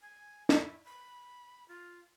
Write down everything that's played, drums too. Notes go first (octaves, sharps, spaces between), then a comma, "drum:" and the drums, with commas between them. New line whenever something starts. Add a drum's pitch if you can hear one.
G#5
E4, drum: snare
B5
F4